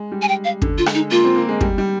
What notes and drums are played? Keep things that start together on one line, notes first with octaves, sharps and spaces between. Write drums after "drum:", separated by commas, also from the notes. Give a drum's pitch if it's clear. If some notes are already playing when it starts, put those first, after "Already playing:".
Already playing: G#3
G3
G#5
G5
F5
D3, drum: kick
F4
G#3, drum: rim click
D#4
A#3 F4
C4
A#3
G#3
G3, drum: kick
G3